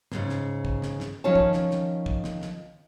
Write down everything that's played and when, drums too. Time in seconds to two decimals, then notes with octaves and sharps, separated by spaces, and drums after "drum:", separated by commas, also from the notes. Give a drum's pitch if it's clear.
0.12 G#2 C#3, drum: snare
0.29 drum: snare
0.65 drum: kick
0.82 drum: snare
1.00 drum: snare
1.24 D#3 F3 C#4 C#5 A5
1.35 drum: kick
1.53 drum: snare
1.71 drum: snare
2.06 drum: kick
2.24 drum: snare
2.42 drum: snare